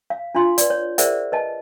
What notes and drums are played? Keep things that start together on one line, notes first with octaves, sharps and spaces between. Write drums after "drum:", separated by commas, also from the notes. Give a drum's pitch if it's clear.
F5
D4 F4 F5 C6
B4 D5, drum: hi-hat
C#5
G#4 A#4 C5 D5 E5 F#5, drum: hi-hat
B4 D#5 A5